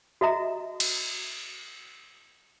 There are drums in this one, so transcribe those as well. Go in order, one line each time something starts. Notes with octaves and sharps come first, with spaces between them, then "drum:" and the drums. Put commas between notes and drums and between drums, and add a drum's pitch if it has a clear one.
F#4 D#5 E5 A#5
drum: cymbal